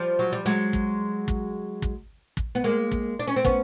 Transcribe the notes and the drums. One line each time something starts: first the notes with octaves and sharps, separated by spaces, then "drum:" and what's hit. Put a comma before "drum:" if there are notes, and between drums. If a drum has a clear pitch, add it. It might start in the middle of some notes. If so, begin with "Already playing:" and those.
Already playing: F3 G3
F#3
G3
F#3 G#3
drum: kick
drum: kick
drum: kick
drum: kick
B3
G#3 A#3
drum: kick
D4
C#4
C4
B3 C#4, drum: kick